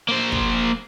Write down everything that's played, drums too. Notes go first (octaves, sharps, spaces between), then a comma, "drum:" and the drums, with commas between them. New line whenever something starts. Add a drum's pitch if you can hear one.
A#3 C5
drum: kick